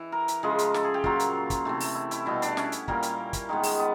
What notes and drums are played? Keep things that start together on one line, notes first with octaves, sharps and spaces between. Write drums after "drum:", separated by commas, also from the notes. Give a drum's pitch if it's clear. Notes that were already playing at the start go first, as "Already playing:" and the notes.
Already playing: E3
A#4
drum: hi-hat
C#3 F3 G#3
drum: hi-hat
A4, drum: snare
G#4
G4
A#2 F#3 A#3 F4, drum: kick
drum: hi-hat
drum: kick, hi-hat
C3 E3 A3
drum: open hi-hat
E4
E4, drum: hi-hat
B2 G3 B3 E4
D4, drum: hi-hat
C#4, drum: snare
drum: hi-hat
A#2 G3 A#3, drum: kick
drum: hi-hat
drum: kick, hi-hat
D#3 G#3 B3
drum: open hi-hat
B3